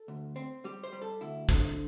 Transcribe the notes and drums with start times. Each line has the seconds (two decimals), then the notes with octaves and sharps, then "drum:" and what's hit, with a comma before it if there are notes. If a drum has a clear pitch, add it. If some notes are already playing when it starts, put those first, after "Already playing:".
Already playing: A4
0.08 D2
0.36 C4
0.64 G3 G4
0.84 C5
0.92 G3
1.02 A4
1.21 D2 E4
1.49 D3 C5, drum: kick